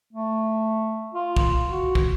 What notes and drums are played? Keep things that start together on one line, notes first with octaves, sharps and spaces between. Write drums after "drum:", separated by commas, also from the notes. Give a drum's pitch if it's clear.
A3
F4
drum: kick
F#4
drum: kick